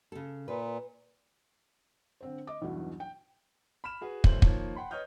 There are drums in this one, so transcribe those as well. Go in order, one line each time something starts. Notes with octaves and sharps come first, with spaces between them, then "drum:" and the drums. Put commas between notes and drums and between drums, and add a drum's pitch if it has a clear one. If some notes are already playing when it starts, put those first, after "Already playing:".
C#3 A4
A#2 B4
D3 C4 C5
D#5 D6
B1 E2 G2 B2 E3
G5
B5 F6 E7
F#4 G#4 B4
B1 E3 A3 C5 F#7, drum: kick
D#3 F3 A#3 C#5, drum: kick
F#5 G5 B5 C6
B4 C#5 D#5 D#6 F6 G6